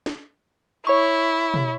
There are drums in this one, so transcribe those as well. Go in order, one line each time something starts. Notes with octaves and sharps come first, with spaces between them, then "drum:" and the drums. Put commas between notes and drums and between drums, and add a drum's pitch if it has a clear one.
drum: snare
E4 C#5 C#6
drum: tom B2